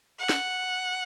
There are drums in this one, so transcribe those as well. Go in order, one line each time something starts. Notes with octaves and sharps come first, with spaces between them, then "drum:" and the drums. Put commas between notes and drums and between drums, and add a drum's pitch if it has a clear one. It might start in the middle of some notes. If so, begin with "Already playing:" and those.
F#5
drum: snare